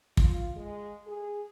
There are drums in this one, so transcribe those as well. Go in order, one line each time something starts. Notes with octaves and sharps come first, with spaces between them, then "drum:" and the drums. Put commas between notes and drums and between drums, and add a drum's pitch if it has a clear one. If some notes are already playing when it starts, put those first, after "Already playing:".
F4, drum: kick
G#3
G#4